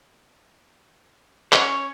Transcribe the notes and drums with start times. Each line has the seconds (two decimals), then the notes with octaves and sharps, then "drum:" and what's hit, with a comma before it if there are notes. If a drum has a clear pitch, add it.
1.53 C#4 C#5, drum: clap